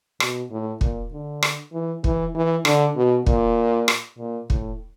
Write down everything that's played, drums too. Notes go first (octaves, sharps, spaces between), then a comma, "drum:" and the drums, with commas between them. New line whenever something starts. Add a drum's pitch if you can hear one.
B2, drum: rim click
A2
A#2, drum: kick
D3
drum: rim click
E3
E3, drum: kick
E3
D3, drum: rim click
B2
A#2, drum: kick
drum: rim click
A#2
A2, drum: kick